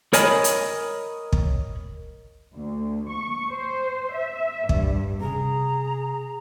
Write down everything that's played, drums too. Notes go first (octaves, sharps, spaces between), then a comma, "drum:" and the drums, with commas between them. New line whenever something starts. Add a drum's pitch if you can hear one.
A#4 C#5 D#5 G#5 B5, drum: hi-hat
drum: hi-hat
drum: kick
D2
C#6
C5
E5
G2, drum: kick
C3 C#4 G#4 A#5